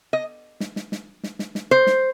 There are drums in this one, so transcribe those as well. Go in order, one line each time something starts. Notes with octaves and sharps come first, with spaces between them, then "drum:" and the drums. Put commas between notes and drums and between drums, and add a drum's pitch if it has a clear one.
D#5
drum: snare
drum: snare
drum: snare
drum: snare
drum: snare
drum: snare
C5
drum: snare